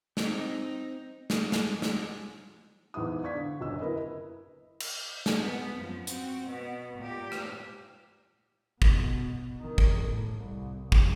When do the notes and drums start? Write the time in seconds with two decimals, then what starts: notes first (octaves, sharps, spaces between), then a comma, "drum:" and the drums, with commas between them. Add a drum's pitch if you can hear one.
0.17 C4 D#4, drum: snare
1.30 drum: snare
1.52 drum: snare
1.82 drum: snare
2.94 E2 G#2 E4 D#6
3.22 D5 F5 C#6 G#6 B6
3.34 D3
3.61 F#1 D2 C#4 D#5 E6
3.80 E4 A#4 B4 D#5
4.80 drum: cymbal
5.26 drum: snare
5.38 G#2 B3
5.76 F#2 F3
6.07 C4 F#4, drum: hi-hat
6.46 B2 B3
6.97 A#2 G4
7.32 drum: rim click
8.82 B2, drum: kick
9.60 D#3
9.78 drum: kick
10.02 A2
10.41 C2
10.92 drum: kick